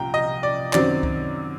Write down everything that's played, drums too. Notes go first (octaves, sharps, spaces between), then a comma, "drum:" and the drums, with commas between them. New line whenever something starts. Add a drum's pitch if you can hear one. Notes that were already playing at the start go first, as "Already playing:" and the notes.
Already playing: C2 A#2 G5 A#5
D#5
D5
F#2 D#3 F#3 C4 D5, drum: clap
drum: kick C2